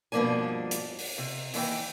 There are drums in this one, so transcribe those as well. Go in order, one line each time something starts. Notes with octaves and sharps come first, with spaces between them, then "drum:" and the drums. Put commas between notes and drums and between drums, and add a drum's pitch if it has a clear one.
G2 B2 F3 A#3 D4 G#5
drum: hi-hat
drum: open hi-hat
C3
D#2 E3 C5 G5, drum: open hi-hat